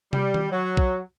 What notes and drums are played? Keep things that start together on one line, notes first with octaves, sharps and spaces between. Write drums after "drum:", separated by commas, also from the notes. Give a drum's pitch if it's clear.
G3, drum: tom
drum: tom D#3
F#3
drum: kick